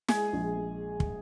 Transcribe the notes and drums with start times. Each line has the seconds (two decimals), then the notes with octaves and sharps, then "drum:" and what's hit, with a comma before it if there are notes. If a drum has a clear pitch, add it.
0.08 G#3 G#4, drum: snare
0.33 A#1
0.58 G#3
1.00 drum: kick